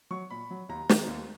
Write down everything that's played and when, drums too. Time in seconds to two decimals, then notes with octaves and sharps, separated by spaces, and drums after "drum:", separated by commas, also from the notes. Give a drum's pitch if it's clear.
0.10 F#3 C#6
0.30 A#2 B5
0.51 F#3
0.69 D#2 A#5
0.89 D#3 G#3, drum: snare
1.08 D#2